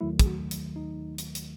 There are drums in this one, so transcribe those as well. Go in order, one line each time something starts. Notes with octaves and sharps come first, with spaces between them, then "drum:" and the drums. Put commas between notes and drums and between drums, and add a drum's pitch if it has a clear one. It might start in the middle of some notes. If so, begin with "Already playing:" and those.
D#2 D#3 F#3 A3 E4
G#4, drum: kick, hi-hat
F#4
drum: hi-hat
D#4
drum: hi-hat
drum: hi-hat